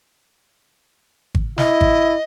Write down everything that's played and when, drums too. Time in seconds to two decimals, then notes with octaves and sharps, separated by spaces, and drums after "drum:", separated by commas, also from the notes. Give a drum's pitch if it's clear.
1.35 drum: kick G#1
1.58 E4 D#5, drum: snare
1.81 drum: kick G#1